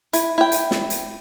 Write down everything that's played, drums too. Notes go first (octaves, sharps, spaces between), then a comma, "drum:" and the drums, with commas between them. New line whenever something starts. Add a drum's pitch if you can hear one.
E4, drum: hi-hat
E4 G5
drum: hi-hat
drum: snare
drum: hi-hat